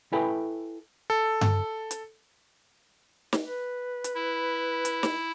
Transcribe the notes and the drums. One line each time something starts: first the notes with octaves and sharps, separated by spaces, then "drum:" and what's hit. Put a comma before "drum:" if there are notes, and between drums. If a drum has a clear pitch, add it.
E4 A4 B4 G5 G#5
A4
drum: tom G2
drum: hi-hat
drum: snare
B4
drum: hi-hat
E4
drum: hi-hat
drum: snare